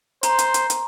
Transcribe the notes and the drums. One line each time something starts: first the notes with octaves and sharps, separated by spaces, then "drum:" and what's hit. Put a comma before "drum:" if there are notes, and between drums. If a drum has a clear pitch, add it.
C5 A#5 C6, drum: hi-hat
drum: hi-hat
drum: hi-hat
drum: hi-hat